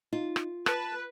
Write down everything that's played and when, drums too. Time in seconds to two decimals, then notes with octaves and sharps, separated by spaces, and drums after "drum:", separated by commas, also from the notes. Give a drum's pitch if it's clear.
0.13 D#4 F4
0.36 drum: rim click
0.66 B4 A5 F#6, drum: rim click